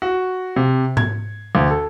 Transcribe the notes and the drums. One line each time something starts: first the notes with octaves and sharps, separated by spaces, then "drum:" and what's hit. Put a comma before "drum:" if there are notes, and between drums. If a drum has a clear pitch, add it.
F#4
C3
G#6, drum: tom G#2
D2
A4